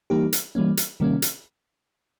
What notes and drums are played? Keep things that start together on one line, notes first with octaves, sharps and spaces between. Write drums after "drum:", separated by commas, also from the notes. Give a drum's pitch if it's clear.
E3 G3 A#3 D#4 G4
drum: hi-hat
E3 G3 A#3 C#4
drum: hi-hat
C3 D#3 G3 A#3 C#4
drum: hi-hat